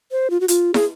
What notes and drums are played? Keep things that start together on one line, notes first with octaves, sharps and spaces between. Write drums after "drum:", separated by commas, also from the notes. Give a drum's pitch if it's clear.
C5
F4
F#4
F4, drum: hi-hat
G#4, drum: snare